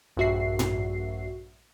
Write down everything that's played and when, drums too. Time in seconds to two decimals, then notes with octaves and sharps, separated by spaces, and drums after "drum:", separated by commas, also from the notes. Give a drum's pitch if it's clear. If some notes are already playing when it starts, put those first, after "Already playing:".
0.17 A#1 G2 F#4 E5 C7
0.59 drum: tom A2